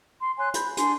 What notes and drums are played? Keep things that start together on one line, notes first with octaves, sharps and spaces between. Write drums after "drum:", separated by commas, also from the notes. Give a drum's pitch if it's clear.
C6
C#5 G#5 C6 F#6
B5 G6, drum: hi-hat
D4 G#5 C6, drum: hi-hat